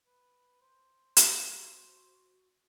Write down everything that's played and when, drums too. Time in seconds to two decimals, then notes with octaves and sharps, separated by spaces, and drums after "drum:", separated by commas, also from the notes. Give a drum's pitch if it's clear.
0.07 B4
0.61 C5
1.17 F5, drum: hi-hat
1.56 F#4